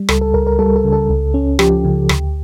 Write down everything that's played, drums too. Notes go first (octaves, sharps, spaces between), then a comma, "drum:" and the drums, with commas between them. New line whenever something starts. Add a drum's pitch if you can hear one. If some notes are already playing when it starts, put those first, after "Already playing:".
Already playing: G3
C#2 A4, drum: rim click
A4
C#2 A#4
A#4
G3 A4
A4
C#3
A4
C#2
C#4
F3 G4, drum: rim click
C#3
D2, drum: rim click